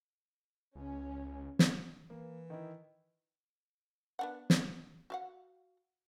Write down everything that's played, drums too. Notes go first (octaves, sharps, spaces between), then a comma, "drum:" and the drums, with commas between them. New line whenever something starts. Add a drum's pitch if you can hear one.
C#2 C#4
drum: snare
E3 A#3
D#3 D#4 E4
B3 D4 F#5
drum: snare
F#4 F5 F#5